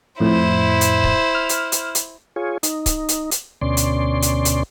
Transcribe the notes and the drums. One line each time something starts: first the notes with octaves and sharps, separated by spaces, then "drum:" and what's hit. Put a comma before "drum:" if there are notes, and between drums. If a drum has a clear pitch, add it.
F2 A2 E4 C5
drum: hi-hat
drum: kick C#1
F6
drum: hi-hat
drum: hi-hat
drum: hi-hat
F4 G#4 C#5
D#4, drum: hi-hat
drum: kick C#1, hi-hat
drum: hi-hat
drum: hi-hat
D2 B2 C#4 D5 C6
drum: hi-hat
drum: hi-hat
drum: hi-hat